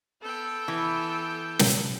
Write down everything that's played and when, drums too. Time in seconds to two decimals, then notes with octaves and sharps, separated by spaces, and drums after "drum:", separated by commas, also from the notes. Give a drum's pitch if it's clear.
0.21 B3 A4 G5
0.68 E3
1.59 drum: snare